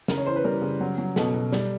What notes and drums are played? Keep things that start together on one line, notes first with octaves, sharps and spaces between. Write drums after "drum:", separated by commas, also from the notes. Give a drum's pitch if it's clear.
C#3 A#4, drum: snare
C#5
E3 C5
B4
G3 A#4
C#3
F#3
F#3
B2 A4, drum: snare
B2
G3, drum: snare